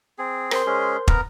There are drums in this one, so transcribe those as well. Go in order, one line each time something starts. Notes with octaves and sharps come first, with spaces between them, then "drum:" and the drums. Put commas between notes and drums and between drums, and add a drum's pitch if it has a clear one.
C4 G#4
A#4 C5 C6, drum: rim click
G#3 C#4 G#4
B3 A#4 A#5, drum: kick